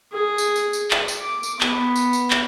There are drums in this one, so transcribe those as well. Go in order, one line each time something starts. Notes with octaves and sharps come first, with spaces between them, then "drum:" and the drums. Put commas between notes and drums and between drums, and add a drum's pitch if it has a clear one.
G#4
drum: tambourine
drum: tambourine
drum: tambourine
drum: clap
drum: tambourine
D6
drum: tambourine
B3, drum: clap
drum: tambourine
drum: tambourine
drum: clap